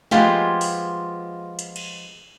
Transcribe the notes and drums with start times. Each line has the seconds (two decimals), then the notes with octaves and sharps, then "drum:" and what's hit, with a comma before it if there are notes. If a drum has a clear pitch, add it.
0.11 F3 G#3 B3 F4 G4, drum: snare
0.61 drum: open hi-hat
1.59 drum: hi-hat
1.76 drum: cymbal